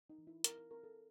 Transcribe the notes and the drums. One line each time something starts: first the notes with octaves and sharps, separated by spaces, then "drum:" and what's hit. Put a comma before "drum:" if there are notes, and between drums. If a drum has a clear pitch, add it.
D#4
E3
E4
C4 A#4, drum: hi-hat
A#4
C4 A#4
A4